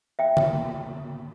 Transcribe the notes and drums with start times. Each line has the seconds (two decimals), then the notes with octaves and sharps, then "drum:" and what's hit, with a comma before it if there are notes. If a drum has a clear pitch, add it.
0.19 E5 G5
0.37 drum: tom D3